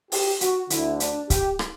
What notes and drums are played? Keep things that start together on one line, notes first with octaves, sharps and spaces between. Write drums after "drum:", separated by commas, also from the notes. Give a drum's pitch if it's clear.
G4, drum: open hi-hat
F#4, drum: hi-hat
D2 D3 E4, drum: hi-hat
D4, drum: hi-hat
G4, drum: kick, hi-hat
drum: rim click